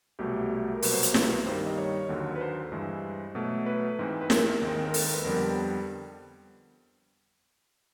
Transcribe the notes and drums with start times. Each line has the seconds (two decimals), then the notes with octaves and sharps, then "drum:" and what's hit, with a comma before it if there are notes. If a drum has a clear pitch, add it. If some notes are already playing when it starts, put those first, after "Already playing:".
0.19 C2 B2 F#3 A3 G4
0.74 A#4
0.82 C2 B2 F#3 A#3 B4, drum: open hi-hat
0.92 C5
1.03 C5, drum: hi-hat
1.14 B4, drum: snare
1.45 G2 D#3 G3 A#3 C5
1.66 D#5
1.78 C#5
2.09 D#2 D3 F#3
2.36 B4
2.41 C5
2.72 G2 E3 G#3
3.35 B2 F#3 A3
3.66 B4
3.99 G#2 E3 G#3 C4
4.21 B4
4.30 A#4, drum: snare
4.61 D#2 D#3 G#3 C4
4.86 A#4
4.94 A4, drum: open hi-hat
5.03 A#4
5.14 B4
5.25 F2 D3 G3 B3 A#4